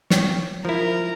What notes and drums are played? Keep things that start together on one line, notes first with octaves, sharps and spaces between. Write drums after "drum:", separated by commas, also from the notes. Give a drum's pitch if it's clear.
C#5 G5, drum: snare
F3 E4 A#4